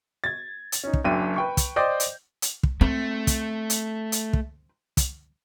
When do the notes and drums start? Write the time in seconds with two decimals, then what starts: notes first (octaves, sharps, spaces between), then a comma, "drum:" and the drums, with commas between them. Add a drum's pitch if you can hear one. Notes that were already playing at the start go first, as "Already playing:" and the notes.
0.24 G#6 A6
0.72 drum: hi-hat
0.83 C#4 D#4
0.93 drum: kick
1.05 F#1 F#2 D4 G5 D#7
1.36 B4 G5 C#6
1.57 drum: kick, hi-hat
1.76 C5 D5 D#5 G5 D6 G6
2.00 drum: hi-hat
2.42 drum: hi-hat
2.63 drum: kick
2.81 A3 C4
3.27 drum: kick, hi-hat
3.70 drum: hi-hat
4.12 drum: hi-hat
4.33 drum: kick
4.97 drum: kick, hi-hat